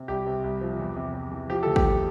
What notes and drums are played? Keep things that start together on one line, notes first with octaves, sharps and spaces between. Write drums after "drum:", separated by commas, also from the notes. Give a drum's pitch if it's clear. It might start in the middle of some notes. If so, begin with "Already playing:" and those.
Already playing: C3
C2 G4
C3
C2
F3
E2
C3
E2
E3
F3 G4
D2 A4
G4, drum: kick
E1